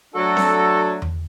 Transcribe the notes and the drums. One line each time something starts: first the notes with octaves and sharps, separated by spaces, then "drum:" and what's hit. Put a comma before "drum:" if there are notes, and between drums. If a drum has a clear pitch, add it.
F#3 A3 D4 F#4 A4
drum: snare C4
drum: tom E2